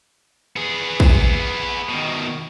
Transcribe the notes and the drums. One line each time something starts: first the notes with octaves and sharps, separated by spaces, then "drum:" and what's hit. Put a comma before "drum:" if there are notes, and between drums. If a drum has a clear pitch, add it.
B3 G#4
drum: kick
B2 D#3